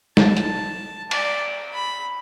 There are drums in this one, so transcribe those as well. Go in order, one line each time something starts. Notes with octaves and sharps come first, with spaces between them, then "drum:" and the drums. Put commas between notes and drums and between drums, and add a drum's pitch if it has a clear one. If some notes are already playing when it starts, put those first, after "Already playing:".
A5, drum: snare
drum: hi-hat
D5, drum: cymbal
B5